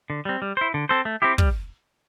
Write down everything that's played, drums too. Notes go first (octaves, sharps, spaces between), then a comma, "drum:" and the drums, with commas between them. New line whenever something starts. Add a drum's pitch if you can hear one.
D3
G3 C4
G3
E4 C5
D3
C4 A4 C5
A3
C4 E4 G4
G3, drum: kick